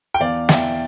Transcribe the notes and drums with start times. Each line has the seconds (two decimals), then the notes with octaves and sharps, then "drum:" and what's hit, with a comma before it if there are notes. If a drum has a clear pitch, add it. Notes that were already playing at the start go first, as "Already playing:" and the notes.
0.14 G5
0.20 E2 D5 F5
0.49 E2 E5 G5, drum: snare